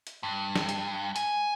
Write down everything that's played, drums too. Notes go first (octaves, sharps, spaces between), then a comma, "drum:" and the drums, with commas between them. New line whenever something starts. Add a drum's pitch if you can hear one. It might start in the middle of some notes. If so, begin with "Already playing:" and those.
drum: hi-hat
G2
drum: snare
drum: hi-hat
G#5, drum: hi-hat